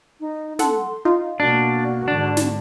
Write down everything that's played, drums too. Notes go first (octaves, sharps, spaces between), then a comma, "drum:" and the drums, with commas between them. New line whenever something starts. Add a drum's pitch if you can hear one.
D#4
A4 F#5 C6, drum: snare
D#4 F4
B2 A#3 D4 F#4
G#2 D3 D4
drum: snare